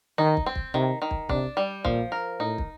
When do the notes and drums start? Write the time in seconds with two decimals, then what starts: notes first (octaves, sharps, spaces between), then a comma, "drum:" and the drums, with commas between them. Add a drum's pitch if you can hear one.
0.18 D#3 D#4
0.37 drum: kick
0.46 C4
0.55 drum: kick
0.74 C3 D#3
1.02 D#3
1.11 drum: kick
1.29 C3 D4, drum: kick
1.57 G3
1.85 A#2 F3, drum: kick
2.12 A#4
2.40 A2 D#4
2.58 drum: kick